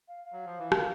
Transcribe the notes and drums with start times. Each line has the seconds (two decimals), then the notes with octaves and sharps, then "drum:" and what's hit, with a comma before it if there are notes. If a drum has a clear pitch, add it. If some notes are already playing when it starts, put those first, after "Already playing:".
0.08 F5
0.24 F5
0.32 F#3
0.46 F3
0.59 E3
0.72 D#3, drum: rim click